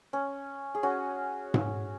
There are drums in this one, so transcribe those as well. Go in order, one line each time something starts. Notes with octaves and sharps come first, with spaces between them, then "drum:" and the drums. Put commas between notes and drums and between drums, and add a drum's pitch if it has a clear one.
C#4
G#4
C#4 F#4
drum: tom G#2